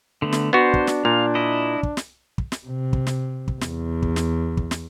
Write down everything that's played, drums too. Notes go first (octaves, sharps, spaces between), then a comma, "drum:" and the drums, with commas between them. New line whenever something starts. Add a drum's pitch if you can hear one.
D3 A3 B3
drum: snare
B3 D4 F#4 C5
drum: kick
drum: snare
A#2 F5
E4 D#5
drum: kick
drum: snare
drum: kick
drum: snare
C3
drum: kick
drum: snare
drum: kick
E2, drum: snare
drum: kick
drum: snare
drum: kick
drum: snare